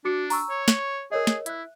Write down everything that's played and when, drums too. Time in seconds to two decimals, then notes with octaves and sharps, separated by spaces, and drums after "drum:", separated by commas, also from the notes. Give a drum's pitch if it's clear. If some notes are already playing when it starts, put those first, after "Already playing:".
0.05 D4 F#4 D6 C#7
0.30 A#5 C#6 E6, drum: open hi-hat
0.50 C#5
0.68 C#6, drum: snare
1.12 G#4 A#4 C#5 D#5
1.27 drum: snare
1.46 E4 E5 F#6, drum: hi-hat